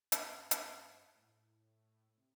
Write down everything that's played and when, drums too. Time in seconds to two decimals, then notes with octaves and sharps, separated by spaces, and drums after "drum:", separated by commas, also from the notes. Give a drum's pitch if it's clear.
0.12 G2, drum: hi-hat
0.51 drum: hi-hat
1.15 A2
2.17 C3